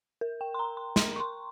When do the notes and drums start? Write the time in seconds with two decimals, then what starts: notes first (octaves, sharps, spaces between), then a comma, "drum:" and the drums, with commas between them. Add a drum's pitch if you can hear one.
0.21 A#4
0.41 G5
0.54 C6
0.59 A#5
0.77 C6
0.96 C6, drum: snare
1.16 C#6
1.20 C6